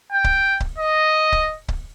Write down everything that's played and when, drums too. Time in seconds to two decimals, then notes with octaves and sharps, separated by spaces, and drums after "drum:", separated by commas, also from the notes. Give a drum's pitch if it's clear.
0.12 G5
0.24 drum: kick C#1
0.60 drum: kick C#1
0.78 D#5
1.32 drum: kick C#1
1.68 drum: kick C#1